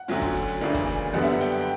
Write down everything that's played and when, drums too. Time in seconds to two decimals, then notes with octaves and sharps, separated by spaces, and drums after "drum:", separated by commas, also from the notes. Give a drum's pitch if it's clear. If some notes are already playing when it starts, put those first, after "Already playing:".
Already playing: F#5
0.08 D2 D3 F#3 C#4, drum: hi-hat
0.22 drum: kick, hi-hat
0.35 drum: hi-hat
0.48 drum: hi-hat
0.61 D2 C#3 E3 A#3 D4, drum: hi-hat
0.74 drum: kick, hi-hat
0.88 drum: hi-hat
1.14 F#2 D3 G3 B3 F#5, drum: hi-hat
1.23 E5
1.31 F#5
1.41 G5, drum: hi-hat
1.61 G5